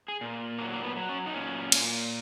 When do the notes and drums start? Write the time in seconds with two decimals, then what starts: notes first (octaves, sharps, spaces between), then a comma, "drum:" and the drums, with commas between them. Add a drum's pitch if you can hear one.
0.08 G#4
0.21 A#2
0.58 F#3 A#3
0.73 A#3
0.83 B3
0.96 F#3
1.09 C#4
1.26 D#4
1.34 A#2 C#4
1.72 A#2, drum: cymbal